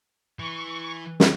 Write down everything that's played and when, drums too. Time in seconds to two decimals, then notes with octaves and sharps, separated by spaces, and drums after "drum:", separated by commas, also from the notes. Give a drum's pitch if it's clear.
0.39 E3 C#6
1.20 drum: snare